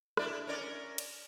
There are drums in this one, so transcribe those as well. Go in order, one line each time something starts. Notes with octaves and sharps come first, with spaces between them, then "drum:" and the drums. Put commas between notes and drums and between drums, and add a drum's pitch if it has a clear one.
D4 E4 D5, drum: rim click
C#4 A#4 D5
drum: cymbal